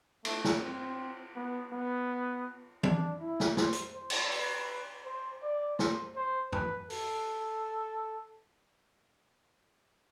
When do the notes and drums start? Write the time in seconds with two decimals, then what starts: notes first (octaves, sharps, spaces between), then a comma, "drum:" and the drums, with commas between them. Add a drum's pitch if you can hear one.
0.25 A3, drum: cymbal
0.44 drum: snare
0.61 C4
1.35 B3
1.72 B3
2.83 D4, drum: tom E3
3.20 E4
3.40 drum: snare
3.57 C5, drum: snare
3.73 drum: hi-hat
3.94 C5
4.10 drum: cymbal
4.31 B4, drum: open hi-hat
5.05 C5
5.42 D5
5.79 C5, drum: snare
6.16 C5
6.53 B4, drum: tom G2
6.90 A4, drum: open hi-hat